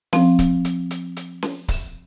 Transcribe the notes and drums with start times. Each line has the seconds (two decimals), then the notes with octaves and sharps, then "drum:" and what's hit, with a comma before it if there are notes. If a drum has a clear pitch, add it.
0.13 F3 C4, drum: snare C#4
0.39 drum: kick C#1, hi-hat
0.65 drum: hi-hat
0.91 drum: hi-hat
1.17 drum: hi-hat
1.42 drum: snare C#4
1.68 drum: kick C#1, open hi-hat